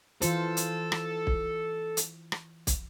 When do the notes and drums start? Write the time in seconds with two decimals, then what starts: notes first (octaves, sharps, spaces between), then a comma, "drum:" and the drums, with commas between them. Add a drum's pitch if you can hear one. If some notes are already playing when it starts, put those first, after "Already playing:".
0.22 E3 F4 A4 C5, drum: hi-hat
0.57 drum: hi-hat
0.92 drum: rim click
1.27 drum: kick
1.97 drum: hi-hat
2.32 drum: rim click
2.67 drum: kick, hi-hat